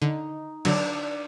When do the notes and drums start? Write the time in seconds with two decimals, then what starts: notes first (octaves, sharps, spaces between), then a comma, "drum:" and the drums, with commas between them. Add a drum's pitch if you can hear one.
0.02 D3 D#4
0.65 D3 F#3 D4 D5, drum: cymbal